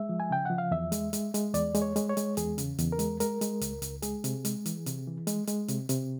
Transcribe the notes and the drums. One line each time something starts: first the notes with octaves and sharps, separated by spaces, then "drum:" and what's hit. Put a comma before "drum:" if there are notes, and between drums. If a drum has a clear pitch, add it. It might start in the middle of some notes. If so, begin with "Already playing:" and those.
Already playing: G#3 E5
F3
G#5
C#3 G5
F3 F#5
F5
E2 E5
G#3, drum: hi-hat
G#3, drum: hi-hat
G#3, drum: hi-hat
E2 D5, drum: hi-hat
G#3, drum: hi-hat
C#5
G#3, drum: hi-hat
C#5
G#3, drum: hi-hat
E2 G#4, drum: hi-hat
C#3, drum: hi-hat
E2, drum: hi-hat
A#4
G#3, drum: hi-hat
G#3 A#4, drum: hi-hat
G#3, drum: hi-hat
C#2, drum: hi-hat
C#2, drum: hi-hat
G#3 G#4, drum: hi-hat
C3, drum: hi-hat
G#3, drum: hi-hat
E3, drum: hi-hat
C3, drum: hi-hat
E3
G#3, drum: hi-hat
G#3, drum: hi-hat
C3, drum: hi-hat
C3, drum: hi-hat